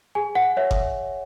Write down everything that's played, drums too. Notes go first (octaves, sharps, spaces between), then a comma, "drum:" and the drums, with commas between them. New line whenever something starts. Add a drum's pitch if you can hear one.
G#4 G#5
F#5
C#5 E5
drum: kick F#1